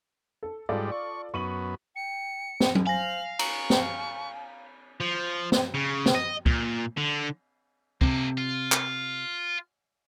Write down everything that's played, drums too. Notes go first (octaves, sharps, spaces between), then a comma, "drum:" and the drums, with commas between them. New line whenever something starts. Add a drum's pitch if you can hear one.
A4
G#2 G3 F4 A4 D5
C#6
F#2 B3 C#6 D#7 F#7
G5 C#7
drum: snare
drum: tom F#3
C5 F5 G#5 A#6 F#7
G#5 A#5 C#6 F#7, drum: cymbal
drum: snare
F3
drum: snare
C#3
drum: snare
D#5
A#2, drum: kick
D3
C3 A#3 A4, drum: kick
F4
drum: clap